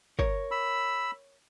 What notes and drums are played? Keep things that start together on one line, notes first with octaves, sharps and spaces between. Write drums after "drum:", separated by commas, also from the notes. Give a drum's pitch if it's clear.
A#4 C#5, drum: kick
B5 E6